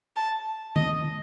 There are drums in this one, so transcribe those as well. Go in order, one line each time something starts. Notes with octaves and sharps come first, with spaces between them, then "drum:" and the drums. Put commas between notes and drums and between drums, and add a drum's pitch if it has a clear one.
A5
D#5, drum: tom